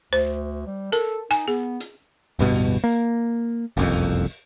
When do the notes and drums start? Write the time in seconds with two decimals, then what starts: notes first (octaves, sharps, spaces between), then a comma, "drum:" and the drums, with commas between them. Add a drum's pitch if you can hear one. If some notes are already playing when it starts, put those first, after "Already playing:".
0.13 D2 C5
0.67 G3
0.92 A4 A#4, drum: hi-hat
1.31 D#4 G#5
1.48 B3 G#4
1.80 drum: hi-hat
2.39 D1 G2 B2, drum: open hi-hat
2.84 A#3
3.77 F#1 C2 F2, drum: open hi-hat